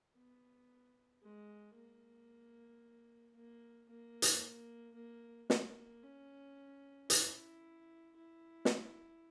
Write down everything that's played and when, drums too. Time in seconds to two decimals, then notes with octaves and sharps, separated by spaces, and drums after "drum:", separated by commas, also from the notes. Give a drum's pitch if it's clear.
0.16 B3
1.23 G#3
1.75 A#3
3.36 A#3
3.90 A#3
4.22 drum: hi-hat
4.95 A#3
5.50 A#3, drum: snare
6.03 C#4
7.10 E4, drum: hi-hat
8.16 E4
8.65 drum: snare